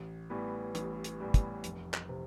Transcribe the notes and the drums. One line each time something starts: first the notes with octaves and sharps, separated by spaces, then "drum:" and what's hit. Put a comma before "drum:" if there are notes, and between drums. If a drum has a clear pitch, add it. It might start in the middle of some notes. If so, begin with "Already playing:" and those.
Already playing: A1
A2 E3 G3 B3
A1, drum: hi-hat
drum: hi-hat
A2 E3 G3 B3
drum: kick, hi-hat
F1, drum: hi-hat
drum: clap
C3